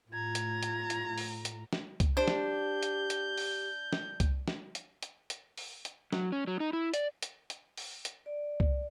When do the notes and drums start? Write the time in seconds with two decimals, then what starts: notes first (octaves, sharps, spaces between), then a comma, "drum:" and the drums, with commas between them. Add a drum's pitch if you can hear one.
0.12 A2 F4 A#5 G#6
0.35 drum: hi-hat
0.63 drum: hi-hat
0.90 drum: hi-hat
1.18 drum: open hi-hat
1.45 drum: hi-hat
1.73 drum: snare
2.00 drum: kick C2, hi-hat
2.17 D4 G4 C5 G6
2.28 drum: snare
2.83 drum: hi-hat
3.10 drum: hi-hat
3.38 drum: open hi-hat
3.93 drum: snare
4.20 drum: kick C2, hi-hat
4.48 drum: snare
4.75 drum: hi-hat
5.03 drum: hi-hat
5.30 drum: hi-hat
5.58 drum: open hi-hat
5.85 drum: hi-hat
6.13 F#3, drum: snare
6.32 C#4
6.47 F#3
6.60 D#4
6.73 E4
6.94 D5, drum: hi-hat
7.23 drum: hi-hat
7.50 drum: hi-hat
7.77 drum: open hi-hat
8.05 drum: hi-hat
8.26 D5
8.60 drum: kick C2